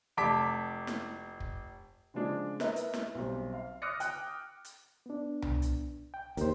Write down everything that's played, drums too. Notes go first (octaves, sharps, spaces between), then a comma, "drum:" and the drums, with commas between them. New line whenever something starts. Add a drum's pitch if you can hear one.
F1 A5 D6 B6
drum: snare
drum: kick
C#3 F3 G#3 D4
A#4 B4 D#5 E5 A#5, drum: snare
drum: hi-hat
drum: snare
B1 G3 C4
F5
D6 D#6 F6 F#6 A#6 C#7
G5 F#6, drum: hi-hat
drum: hi-hat
B3 D4
drum: tom C2
drum: hi-hat
G5
D#2 A#4 C5, drum: hi-hat